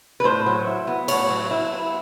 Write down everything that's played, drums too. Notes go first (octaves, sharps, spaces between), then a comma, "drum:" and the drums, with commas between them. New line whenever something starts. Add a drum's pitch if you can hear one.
B4
A2 C5
F#3
E4
B3
A2 C#5, drum: cymbal
F#3
E4
B3